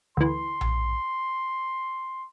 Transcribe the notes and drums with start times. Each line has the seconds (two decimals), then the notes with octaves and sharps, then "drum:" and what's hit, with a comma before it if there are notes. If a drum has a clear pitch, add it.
0.17 D2 E3 C6
0.61 drum: tom A#1